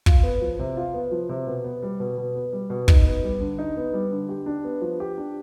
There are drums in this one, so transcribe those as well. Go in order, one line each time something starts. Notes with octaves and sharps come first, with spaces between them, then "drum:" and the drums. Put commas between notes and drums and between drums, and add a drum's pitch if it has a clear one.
F4, drum: kick
B3
F3
C3
F4
B3
F3
C3
B2
B3
G3
B2
B2
B3
G3
B2
D#4, drum: kick
B3
G3
D3
D#4
B3
G3
D3
G4
D4
B3
F3
G4
D4